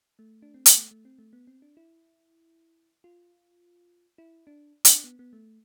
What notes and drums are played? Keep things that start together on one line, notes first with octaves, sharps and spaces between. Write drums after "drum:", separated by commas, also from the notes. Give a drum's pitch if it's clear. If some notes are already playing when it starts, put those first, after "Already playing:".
A3
D4
C4
B3, drum: hi-hat
A3
A3
C4
A3
B3
C4
D4
E4
F4
E4
D4
C4, drum: hi-hat
D4
B3
B3
A3